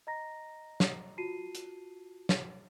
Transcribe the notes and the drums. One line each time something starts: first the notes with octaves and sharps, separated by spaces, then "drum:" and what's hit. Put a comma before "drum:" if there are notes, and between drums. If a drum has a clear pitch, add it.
D#5 A#5 A#6
drum: snare
F4 F#4 A5 C7 D#7
drum: hi-hat
drum: snare